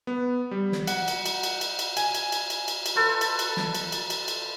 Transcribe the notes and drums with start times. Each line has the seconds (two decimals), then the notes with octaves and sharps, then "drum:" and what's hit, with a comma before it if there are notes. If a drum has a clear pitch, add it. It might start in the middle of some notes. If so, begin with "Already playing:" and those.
0.07 B3
0.51 G3
0.72 drum: snare
0.87 F#5, drum: cymbal
1.08 drum: cymbal
1.26 drum: cymbal
1.43 drum: cymbal
1.61 drum: cymbal
1.79 drum: cymbal
1.97 G#5, drum: cymbal
2.14 drum: cymbal
2.32 drum: cymbal
2.50 drum: cymbal
2.68 drum: cymbal
2.86 drum: cymbal
2.95 A4 B4 C5
3.21 drum: cymbal
3.39 drum: cymbal
3.57 drum: snare
3.75 drum: cymbal
3.92 drum: cymbal
4.10 drum: cymbal
4.28 drum: cymbal